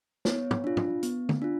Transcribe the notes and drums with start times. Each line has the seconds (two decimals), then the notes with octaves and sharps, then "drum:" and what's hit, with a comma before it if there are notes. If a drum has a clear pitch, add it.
0.25 B3 C#5, drum: snare
0.51 drum: tom
0.64 D4 F4
0.77 drum: tom
1.03 B3, drum: hi-hat
1.29 drum: tom
1.42 D4 F4